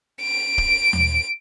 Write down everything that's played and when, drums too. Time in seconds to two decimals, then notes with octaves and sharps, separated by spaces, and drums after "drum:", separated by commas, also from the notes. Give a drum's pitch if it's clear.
0.22 D7
0.58 drum: kick
0.93 drum: tom D#2